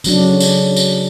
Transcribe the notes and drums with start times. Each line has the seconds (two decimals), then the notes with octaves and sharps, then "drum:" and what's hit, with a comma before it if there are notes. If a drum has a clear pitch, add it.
0.04 C#3 F#3 D4, drum: tambourine
0.40 drum: tambourine
0.76 drum: tambourine